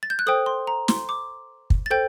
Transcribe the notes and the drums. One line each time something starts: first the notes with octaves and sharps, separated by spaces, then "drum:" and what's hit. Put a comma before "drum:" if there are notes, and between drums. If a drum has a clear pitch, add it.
A6
G6
F#6
A4 C5 G5 D#6
C6
A#5
C6, drum: snare
D6
drum: kick
A6
A4 C5 G5 G6